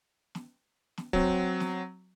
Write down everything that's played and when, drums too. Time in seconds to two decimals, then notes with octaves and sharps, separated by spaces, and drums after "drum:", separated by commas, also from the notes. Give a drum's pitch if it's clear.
0.35 drum: snare
0.98 drum: snare
1.13 F#3 C4, drum: kick
1.60 drum: snare